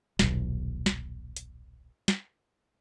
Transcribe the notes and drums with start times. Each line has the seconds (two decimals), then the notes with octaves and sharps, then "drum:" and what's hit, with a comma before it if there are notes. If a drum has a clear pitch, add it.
0.19 D#1 B1, drum: snare
0.86 drum: snare
1.36 drum: hi-hat
2.08 drum: snare